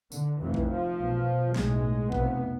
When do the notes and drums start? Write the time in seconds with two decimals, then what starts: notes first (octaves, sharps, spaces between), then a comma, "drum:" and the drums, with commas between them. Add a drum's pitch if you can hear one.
0.12 D3, drum: tambourine
0.40 F1 F2 C3 E3
0.54 drum: kick A#1
0.70 F3
0.98 B1 B2
1.55 B1 A2 G#3, drum: snare
2.12 F1 F2 C3 B3, drum: kick A#1